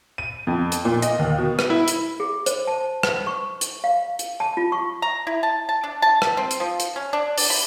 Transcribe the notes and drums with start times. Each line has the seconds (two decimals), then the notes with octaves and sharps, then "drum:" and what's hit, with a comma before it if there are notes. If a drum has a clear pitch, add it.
0.18 D#7
0.47 F2
0.72 drum: hi-hat
0.85 A#2
1.02 D#5, drum: hi-hat
1.19 D#2
1.38 B2
1.59 drum: rim click
1.70 E4
1.88 drum: hi-hat
2.20 G#4
2.46 C5, drum: hi-hat
2.67 A5
3.03 drum: rim click
3.27 C#6
3.61 drum: hi-hat
3.84 F5
4.19 drum: hi-hat
4.40 A5
4.57 F4
4.72 C#6
5.02 A#5
5.27 E4
5.43 A5
5.69 A5
5.84 D4
6.02 A5
6.22 drum: rim click
6.37 C4
6.51 drum: hi-hat
6.60 F3
6.80 drum: hi-hat
6.96 C#4
7.13 D4
7.38 D5, drum: open hi-hat
7.50 B5